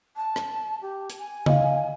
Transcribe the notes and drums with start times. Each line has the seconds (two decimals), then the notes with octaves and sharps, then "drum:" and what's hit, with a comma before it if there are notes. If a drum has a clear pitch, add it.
0.16 A5
0.36 drum: rim click
0.82 G4
1.10 drum: hi-hat
1.19 G#5
1.46 D#5 F5, drum: tom C#3